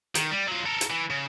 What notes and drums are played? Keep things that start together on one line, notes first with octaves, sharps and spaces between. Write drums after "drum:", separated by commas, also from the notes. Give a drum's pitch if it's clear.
D#3, drum: hi-hat
G3
F#3 F4
A4 A#4
drum: hi-hat
E3
C#3